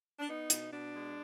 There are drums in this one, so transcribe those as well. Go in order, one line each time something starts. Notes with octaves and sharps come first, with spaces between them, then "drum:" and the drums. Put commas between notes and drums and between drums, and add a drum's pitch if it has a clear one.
D4
B3 D#4
B2, drum: hi-hat
B2 D4
G#3